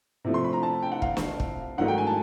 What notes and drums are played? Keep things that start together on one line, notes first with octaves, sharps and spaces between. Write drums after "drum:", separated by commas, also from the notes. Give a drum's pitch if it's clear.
C3 F3 A3
C6
B5
A#5
A5
G5
F#5
F5, drum: kick
drum: snare
drum: kick
G#2 D#3 F#3 A3 F#5
G5
G#5
A5